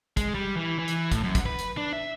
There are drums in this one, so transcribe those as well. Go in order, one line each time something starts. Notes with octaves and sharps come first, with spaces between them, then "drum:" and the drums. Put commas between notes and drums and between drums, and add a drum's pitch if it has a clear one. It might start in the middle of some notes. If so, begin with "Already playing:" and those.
G#3, drum: kick, hi-hat
G3
E3
E3
drum: hi-hat
A2, drum: kick, hi-hat
F#2
drum: kick, hi-hat
B4
drum: hi-hat
D4
E5